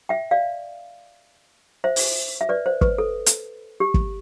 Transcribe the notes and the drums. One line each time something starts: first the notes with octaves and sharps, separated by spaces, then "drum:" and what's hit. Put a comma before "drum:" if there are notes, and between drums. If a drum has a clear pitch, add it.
E5 G5
D5 F5
C5 E5
drum: open hi-hat
E5
B4 D5
C5
B4, drum: kick
A4
drum: hi-hat
G4
drum: kick